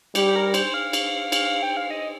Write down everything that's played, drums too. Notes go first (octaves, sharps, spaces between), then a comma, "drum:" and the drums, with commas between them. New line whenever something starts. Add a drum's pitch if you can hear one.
G3 G4, drum: cymbal
A#4
C5, drum: cymbal
F5
drum: cymbal
drum: cymbal
G5
F5
D#5